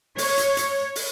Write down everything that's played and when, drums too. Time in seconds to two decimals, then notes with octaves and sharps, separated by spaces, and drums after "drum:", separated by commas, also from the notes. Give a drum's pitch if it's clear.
0.18 C#5, drum: open hi-hat
0.38 drum: hi-hat
0.57 drum: hi-hat
0.96 drum: open hi-hat